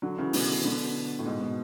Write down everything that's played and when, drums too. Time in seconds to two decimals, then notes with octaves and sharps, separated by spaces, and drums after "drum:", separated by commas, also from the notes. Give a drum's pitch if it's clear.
0.02 D3 F#3
0.18 C#3 E3
0.33 B2 D3, drum: open hi-hat
0.64 B2 D3
1.19 A2
1.26 G#2 B2
1.41 B2